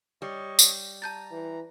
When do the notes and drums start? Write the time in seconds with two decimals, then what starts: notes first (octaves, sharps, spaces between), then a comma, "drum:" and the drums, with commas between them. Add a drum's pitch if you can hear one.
0.22 G3 C#5 D#5 C#6
0.59 drum: tambourine
1.02 A5 A#5 G6 A6
1.32 E3